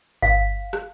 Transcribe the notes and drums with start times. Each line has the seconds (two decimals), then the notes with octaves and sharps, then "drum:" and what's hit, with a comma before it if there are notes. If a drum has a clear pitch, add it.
0.22 F5, drum: kick G1
0.73 drum: rim click